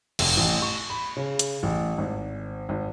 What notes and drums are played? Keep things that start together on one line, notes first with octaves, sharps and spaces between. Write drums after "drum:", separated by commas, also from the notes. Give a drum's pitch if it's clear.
F1, drum: cymbal
A1
C#6
B5
C#3
drum: hi-hat
A1
G#1
G#1